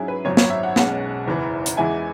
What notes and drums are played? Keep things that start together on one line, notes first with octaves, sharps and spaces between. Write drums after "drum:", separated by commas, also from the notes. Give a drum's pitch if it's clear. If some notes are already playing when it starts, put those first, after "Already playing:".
Already playing: G#2 F#3 C#4 E4 G#4
B4
G#1 F#2 F#3 C#5
C#5, drum: snare
E5
F#5
B1 B2 G#3 C#4 F#5, drum: snare
F#1 E2 E3
drum: hi-hat
E2 E3 G#3 E4 G#5